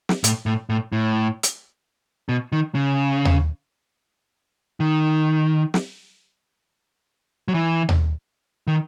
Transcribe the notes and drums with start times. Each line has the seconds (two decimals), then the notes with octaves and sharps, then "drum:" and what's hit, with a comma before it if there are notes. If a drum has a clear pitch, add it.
0.09 drum: snare
0.24 A2, drum: hi-hat
0.46 A2
0.69 A2
0.92 A2
1.43 drum: hi-hat
2.29 B2
2.52 D#3
2.75 C#3
3.25 drum: tom D#2
4.80 D#3
5.74 drum: snare
7.48 F#3
7.54 E3
7.89 drum: tom D#2
8.67 D#3